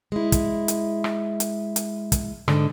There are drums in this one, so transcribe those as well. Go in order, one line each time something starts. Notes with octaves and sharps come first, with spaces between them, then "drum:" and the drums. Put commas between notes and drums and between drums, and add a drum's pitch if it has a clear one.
G#3 E4
drum: kick, hi-hat
drum: hi-hat
drum: rim click
drum: hi-hat
drum: hi-hat
drum: kick, hi-hat
G#2 D3, drum: rim click